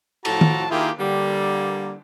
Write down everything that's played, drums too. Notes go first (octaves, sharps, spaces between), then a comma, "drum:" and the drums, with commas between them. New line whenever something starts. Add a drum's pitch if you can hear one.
A2 F3 F#4 A4 A5 A#5, drum: cymbal
drum: tom
D#3 A#3 E4 F4 G4 G#4
D3 G3 A#3